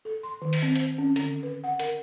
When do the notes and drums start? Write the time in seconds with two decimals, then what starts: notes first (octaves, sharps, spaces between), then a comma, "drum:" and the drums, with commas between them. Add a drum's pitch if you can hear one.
0.05 A4
0.23 C6
0.42 D#3
0.53 drum: open hi-hat
0.62 C4
0.75 C5, drum: hi-hat
0.98 C#4
1.16 D3, drum: hi-hat
1.43 B4
1.64 F#5
1.79 A#4, drum: hi-hat